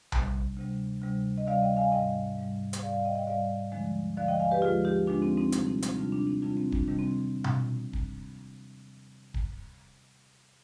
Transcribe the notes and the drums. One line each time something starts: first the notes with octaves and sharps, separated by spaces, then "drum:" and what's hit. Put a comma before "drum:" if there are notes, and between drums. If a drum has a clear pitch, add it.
D2 C3 G3, drum: tom B1
D2 C3 G3
D2 C3 G3
D#5
D2 C3 G3 D5 F5
D#5 G5
F5 G#5
G#2 G3 D#5 G5
G#2 G3
drum: hi-hat
G#2 G3 D5 F5
D5 F5
D#5 G5
D#5 G5
G#2 G3 D5 F5
D#2 D3 F3 G#3
D#2 D3 F3 G#3 D5 F5
D#5 G5
F5 G#5
G4 B4
D#2 D3 F3 G#3 F4 G#4
D#4 G4
D#2 D3 F3 G#3 D4 F4
C4 D#4
C4 D#4
F2 C3 D#3 G3, drum: hi-hat
C4 D#4
C4 D#4, drum: hi-hat
F2 C3 D#3 G3 D4 F4
D4
C4 D#4
F2 C3 D#3 G3 D4 F4
C4
D4, drum: kick D1
F2 C3 D#3 G3 D4
C4
drum: tom B2
drum: kick D1
drum: kick D1